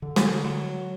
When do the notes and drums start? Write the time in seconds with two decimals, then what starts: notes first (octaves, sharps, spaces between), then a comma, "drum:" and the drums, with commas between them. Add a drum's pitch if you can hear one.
0.02 D3
0.16 drum: snare
0.44 F#3